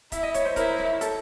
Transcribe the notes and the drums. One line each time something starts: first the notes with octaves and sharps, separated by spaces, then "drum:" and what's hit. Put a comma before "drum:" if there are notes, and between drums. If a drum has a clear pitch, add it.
E4 E5, drum: kick C#1, hi-hat
D#5
C#5, drum: hi-hat
C5
E4 A#4, drum: kick C#1, hi-hat
drum: snare
A4, drum: hi-hat